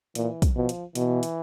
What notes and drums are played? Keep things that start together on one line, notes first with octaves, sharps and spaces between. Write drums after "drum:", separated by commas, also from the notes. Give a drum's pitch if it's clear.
A#2 E3, drum: hi-hat
drum: kick, hi-hat
B2 F3
drum: hi-hat
B2 E3, drum: hi-hat
drum: hi-hat